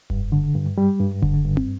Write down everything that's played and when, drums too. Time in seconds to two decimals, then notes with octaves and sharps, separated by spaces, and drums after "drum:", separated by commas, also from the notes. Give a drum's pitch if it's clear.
0.10 G2, drum: kick F1
0.32 D3
0.55 G2
0.78 G3
1.00 G2
1.22 D3, drum: kick F1
1.45 G2
1.57 drum: tom